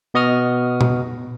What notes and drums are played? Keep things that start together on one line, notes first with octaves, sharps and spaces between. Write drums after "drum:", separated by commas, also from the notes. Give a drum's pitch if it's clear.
B2 B3 D#5 C#6 D#6 F6
drum: tom A#2